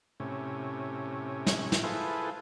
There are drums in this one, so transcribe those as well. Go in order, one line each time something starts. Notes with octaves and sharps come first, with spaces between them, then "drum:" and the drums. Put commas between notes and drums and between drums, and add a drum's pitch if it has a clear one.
A2 C3 C#4
drum: snare
drum: snare
E4 F4 G#4 A4 B4 C5